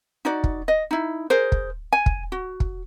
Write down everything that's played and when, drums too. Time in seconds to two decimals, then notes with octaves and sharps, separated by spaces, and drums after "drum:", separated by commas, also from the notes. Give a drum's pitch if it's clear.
0.25 D#4 F#4 D5
0.44 drum: kick
0.68 D#5
0.91 D#4 E4
1.30 G#4 A#4 C5
1.52 drum: kick
1.93 G#5
2.06 drum: kick
2.32 F#4
2.60 drum: kick